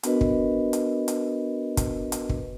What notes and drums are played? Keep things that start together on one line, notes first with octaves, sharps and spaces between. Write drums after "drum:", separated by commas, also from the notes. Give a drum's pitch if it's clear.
B3 D4 F#4 A#4 B4 D#5, drum: hi-hat
drum: kick
drum: hi-hat
drum: hi-hat
drum: kick, hi-hat
drum: hi-hat
drum: kick